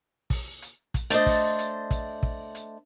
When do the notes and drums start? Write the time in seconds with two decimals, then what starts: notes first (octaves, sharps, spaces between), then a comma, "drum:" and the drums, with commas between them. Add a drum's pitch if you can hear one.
0.30 drum: kick, open hi-hat
0.62 drum: hi-hat
0.94 drum: kick, hi-hat
1.10 A3 D4 C5 D#5
1.26 drum: kick, open hi-hat
1.58 drum: hi-hat
1.91 drum: kick, hi-hat
2.23 drum: kick
2.55 drum: hi-hat